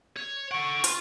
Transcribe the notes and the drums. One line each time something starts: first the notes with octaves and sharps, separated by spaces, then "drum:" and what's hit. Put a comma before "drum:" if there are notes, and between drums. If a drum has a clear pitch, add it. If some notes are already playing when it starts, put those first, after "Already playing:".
C#5
A4 F#5 C#6 D7
F4 C6, drum: hi-hat